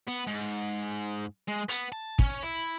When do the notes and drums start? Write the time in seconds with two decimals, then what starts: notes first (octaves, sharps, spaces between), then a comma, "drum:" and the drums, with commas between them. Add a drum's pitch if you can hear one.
0.08 B3
0.27 G#2
1.48 G#3
1.69 B3, drum: hi-hat
1.92 A5
2.19 C#4, drum: kick
2.43 E4